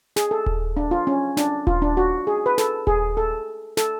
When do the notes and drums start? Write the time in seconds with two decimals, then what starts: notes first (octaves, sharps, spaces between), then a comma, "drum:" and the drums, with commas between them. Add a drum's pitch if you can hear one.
0.16 G#4, drum: snare
0.31 A4
0.46 drum: kick D#1
0.77 D4
0.91 F4
1.07 C#4
1.37 D4, drum: snare
1.67 F4, drum: kick D#1
1.82 D4
1.97 F#4
2.27 G#4
2.46 B4
2.58 A4, drum: snare
2.87 G#4, drum: kick D#1
3.17 A4
3.77 A4, drum: snare